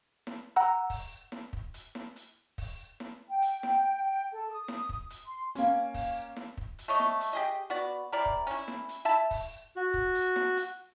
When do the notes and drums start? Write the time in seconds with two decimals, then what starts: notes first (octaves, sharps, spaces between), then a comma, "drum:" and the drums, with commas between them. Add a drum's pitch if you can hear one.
0.27 drum: snare E4
0.56 F#5 A#5 E6
0.90 drum: kick, open hi-hat
1.32 drum: snare E4
1.53 drum: kick
1.74 drum: hi-hat
1.95 drum: snare E4
2.16 drum: hi-hat
2.58 drum: kick, open hi-hat
3.00 drum: snare E4
3.28 G5
3.42 drum: hi-hat
3.63 drum: snare E4
4.33 A4
4.51 D#6
4.68 drum: snare E4
4.89 drum: kick
5.10 drum: hi-hat
5.26 C6
5.55 A#3 C#4, drum: hi-hat
5.94 drum: kick, open hi-hat
6.36 drum: snare E4
6.57 drum: kick
6.79 drum: hi-hat
6.88 A3 C#5 D#5
7.00 drum: snare E4
7.21 drum: hi-hat
7.33 G4 G#4 D#5
7.70 B3 F#4 D5
8.13 C3 E4 A#4 D5
8.26 drum: kick
8.47 C#4 E4, drum: hi-hat
8.68 drum: snare E4
8.89 drum: hi-hat
9.05 E4 E5 A5
9.31 drum: kick, open hi-hat
9.76 F#4
9.94 drum: kick
10.15 drum: hi-hat
10.36 drum: snare E4
10.57 drum: hi-hat